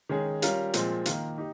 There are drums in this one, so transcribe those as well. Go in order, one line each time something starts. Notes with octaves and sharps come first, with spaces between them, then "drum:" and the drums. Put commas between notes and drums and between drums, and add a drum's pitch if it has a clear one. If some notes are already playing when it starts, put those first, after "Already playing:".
D#3 G#3 C#4 G#4
G3 C#4 F4 A#4, drum: hi-hat
A#2 F3 G#3 C4, drum: hi-hat
D#3 A#3 F4, drum: hi-hat
D#4 G4